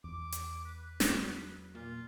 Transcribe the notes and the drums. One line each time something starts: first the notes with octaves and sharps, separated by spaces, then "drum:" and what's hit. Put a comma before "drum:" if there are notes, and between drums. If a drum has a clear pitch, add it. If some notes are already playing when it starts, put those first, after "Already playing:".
E2 D6
drum: hi-hat
B4
F#3, drum: snare
A#2 F4